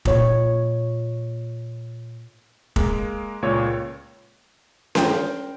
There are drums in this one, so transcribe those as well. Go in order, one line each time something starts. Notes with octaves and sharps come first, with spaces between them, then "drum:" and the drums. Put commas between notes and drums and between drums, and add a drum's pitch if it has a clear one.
A#2 C#5, drum: kick
G#3 A#3, drum: kick
C#2 A#2 C#5
A#4 C5 G5, drum: snare C#4